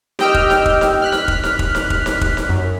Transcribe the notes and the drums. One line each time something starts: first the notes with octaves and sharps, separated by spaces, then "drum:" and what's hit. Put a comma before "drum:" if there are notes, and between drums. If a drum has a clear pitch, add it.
G4 D#5 G5 E6 F6, drum: snare D#4
drum: kick
drum: snare D#4
drum: kick
drum: snare D#4
F6 F#6 B6
drum: snare D#4
drum: kick
drum: snare D#4
drum: kick
drum: snare D#4
drum: kick
drum: snare D#4
drum: kick
drum: snare D#4
F#2